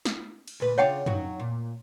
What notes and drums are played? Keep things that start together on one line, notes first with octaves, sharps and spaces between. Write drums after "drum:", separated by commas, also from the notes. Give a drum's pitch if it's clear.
drum: snare
drum: cymbal
D2 A#2 B4
C#3 D4 F4 C#5 F#5 G5
F#3 D#4 F#4, drum: tom
A#2